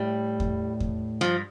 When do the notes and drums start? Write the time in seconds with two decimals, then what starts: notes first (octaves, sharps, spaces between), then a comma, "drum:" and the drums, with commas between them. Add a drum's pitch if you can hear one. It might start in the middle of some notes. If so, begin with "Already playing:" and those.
Already playing: A2 G3
0.40 drum: kick E2
0.80 drum: kick E2
1.21 G2 F3